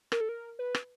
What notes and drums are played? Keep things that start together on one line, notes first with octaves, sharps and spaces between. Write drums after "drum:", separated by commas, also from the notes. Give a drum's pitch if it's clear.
A#4, drum: rim click
A4
A#4
B4
drum: rim click